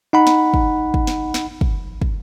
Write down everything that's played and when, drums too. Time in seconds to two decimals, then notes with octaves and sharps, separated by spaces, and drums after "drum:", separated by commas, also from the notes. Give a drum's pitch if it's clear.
0.13 D#4 F#5 B5
0.27 drum: snare
0.54 drum: kick
0.94 drum: kick
1.07 drum: snare
1.34 drum: snare
1.61 drum: kick
2.01 drum: kick